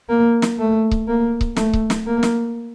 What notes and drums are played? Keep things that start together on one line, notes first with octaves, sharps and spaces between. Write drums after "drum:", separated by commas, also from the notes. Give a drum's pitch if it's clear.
A#3
drum: snare
A3
drum: kick C#1
A#3
drum: kick C#1
A3, drum: snare
drum: kick C#1
drum: snare
A#3
drum: snare